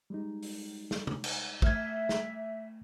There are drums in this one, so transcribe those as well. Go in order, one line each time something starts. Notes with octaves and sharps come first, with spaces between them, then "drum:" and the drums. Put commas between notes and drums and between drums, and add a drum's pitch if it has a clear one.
G3 G#3 D#4
drum: open hi-hat
drum: snare
drum: tom
drum: cymbal
A3 E5 F6 G#6, drum: kick
drum: snare